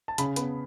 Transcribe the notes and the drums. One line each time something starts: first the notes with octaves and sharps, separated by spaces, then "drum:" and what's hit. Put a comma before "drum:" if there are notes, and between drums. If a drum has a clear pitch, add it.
A5
C#3 B5, drum: hi-hat
B3 B5, drum: hi-hat